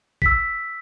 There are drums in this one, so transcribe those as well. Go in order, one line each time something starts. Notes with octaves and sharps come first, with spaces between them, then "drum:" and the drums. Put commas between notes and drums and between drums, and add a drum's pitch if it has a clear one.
E6 B6, drum: kick